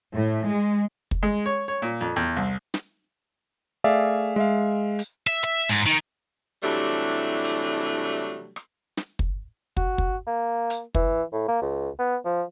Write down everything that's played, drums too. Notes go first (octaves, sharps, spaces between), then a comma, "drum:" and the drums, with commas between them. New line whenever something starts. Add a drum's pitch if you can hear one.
A2
G#3
drum: kick
G#3
C#5
C#5
A#2
F2
E2
C2
drum: snare
A3 G#4 D5 E5 F5
G#3 E5 F5
drum: hi-hat
E5
E5
G#2
D#3
C3 E3 F#3 G3 A3 D4
drum: hi-hat
drum: rim click
drum: snare
drum: kick
F#4, drum: kick
drum: kick
A#3
drum: hi-hat
E3, drum: kick
A2
A#3
C#2
B3
F3